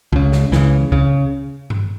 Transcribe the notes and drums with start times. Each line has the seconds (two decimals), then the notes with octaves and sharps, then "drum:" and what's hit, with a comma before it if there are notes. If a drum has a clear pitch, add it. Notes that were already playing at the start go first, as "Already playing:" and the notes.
0.12 C#2 C#3
0.32 drum: snare
0.52 C#2 C#3 E3, drum: snare
0.92 C#3, drum: kick C#2
1.70 drum: tom G2